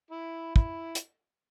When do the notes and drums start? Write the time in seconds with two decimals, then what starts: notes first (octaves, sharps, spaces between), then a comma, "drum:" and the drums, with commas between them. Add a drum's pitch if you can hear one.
0.11 E4
0.56 E4, drum: kick
0.95 drum: hi-hat